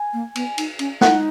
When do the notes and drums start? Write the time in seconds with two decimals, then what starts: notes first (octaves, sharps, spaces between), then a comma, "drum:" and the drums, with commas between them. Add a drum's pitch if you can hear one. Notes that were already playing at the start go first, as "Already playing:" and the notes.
Already playing: G#5
0.13 A#3
0.35 B3, drum: cymbal
0.58 D#4, drum: cymbal
0.79 C#4, drum: cymbal
1.01 D#4 F#5, drum: snare